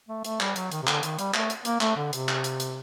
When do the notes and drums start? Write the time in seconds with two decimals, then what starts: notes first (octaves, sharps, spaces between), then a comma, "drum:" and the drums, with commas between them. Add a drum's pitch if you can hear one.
0.08 A3
0.24 A3, drum: hi-hat
0.40 G3, drum: clap
0.56 F#3, drum: hi-hat
0.72 D#3, drum: hi-hat
0.82 C3
0.87 D3, drum: clap
1.03 D#3, drum: hi-hat
1.19 G3, drum: hi-hat
1.34 A3, drum: clap
1.50 drum: hi-hat
1.65 A#3, drum: hi-hat
1.81 A3, drum: clap
1.97 D3
2.13 C3, drum: hi-hat
2.28 drum: clap
2.44 drum: hi-hat
2.60 drum: hi-hat